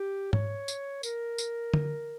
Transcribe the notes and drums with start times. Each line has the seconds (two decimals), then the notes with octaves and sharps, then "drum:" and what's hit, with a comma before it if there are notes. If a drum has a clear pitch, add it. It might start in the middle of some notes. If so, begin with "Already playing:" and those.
Already playing: G4
0.33 C#5, drum: tom G#2
0.68 drum: tambourine
1.03 A#4, drum: tambourine
1.38 drum: tambourine
1.74 drum: tom D3